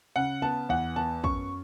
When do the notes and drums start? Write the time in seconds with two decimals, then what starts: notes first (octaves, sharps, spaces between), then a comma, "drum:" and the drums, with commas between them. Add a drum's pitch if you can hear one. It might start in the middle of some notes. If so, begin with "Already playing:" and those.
0.16 C#3 F#5
0.42 B3 A5
0.69 E2 F#5
0.96 B3 A5
1.24 F#2 C#6, drum: kick